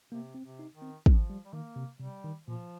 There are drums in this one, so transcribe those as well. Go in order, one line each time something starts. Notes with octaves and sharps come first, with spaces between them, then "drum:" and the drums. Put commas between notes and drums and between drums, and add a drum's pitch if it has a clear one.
C3 A#3
C4
C3
D#4
D#3
C4
F3 C4, drum: kick
G3
G3
D#3 A#3
C3
C3 G3
D#3
A#2 F3